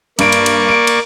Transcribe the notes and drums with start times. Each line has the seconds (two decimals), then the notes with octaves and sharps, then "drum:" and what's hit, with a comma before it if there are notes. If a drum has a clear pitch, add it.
0.19 G2 A#3 D5 C#6 D7, drum: cymbal
0.32 drum: cymbal
0.46 drum: cymbal
0.69 D7
0.87 drum: cymbal